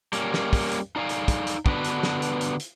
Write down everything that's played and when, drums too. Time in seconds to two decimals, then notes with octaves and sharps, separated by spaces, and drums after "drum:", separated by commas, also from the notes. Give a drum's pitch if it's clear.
0.13 G3 A#3 C#4, drum: hi-hat
0.34 drum: snare
0.53 drum: kick, open hi-hat
0.72 drum: hi-hat
0.96 D#4 D5 F5 G#5
1.09 drum: hi-hat
1.28 drum: kick, hi-hat
1.47 drum: hi-hat
1.66 D3 B3 D4 F#4 B4, drum: kick
1.85 drum: hi-hat
2.03 drum: snare
2.22 drum: hi-hat
2.41 drum: hi-hat
2.60 drum: hi-hat